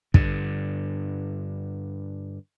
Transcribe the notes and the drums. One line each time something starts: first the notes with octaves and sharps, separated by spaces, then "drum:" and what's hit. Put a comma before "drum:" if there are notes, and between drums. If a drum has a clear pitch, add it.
G2 D3, drum: kick